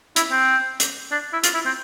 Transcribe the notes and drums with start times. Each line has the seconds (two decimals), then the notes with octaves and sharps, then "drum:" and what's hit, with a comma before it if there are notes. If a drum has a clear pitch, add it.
0.16 E4, drum: hi-hat
0.32 C4
0.80 drum: hi-hat
1.12 D4
1.33 E4
1.44 F4, drum: hi-hat
1.54 E4
1.65 C4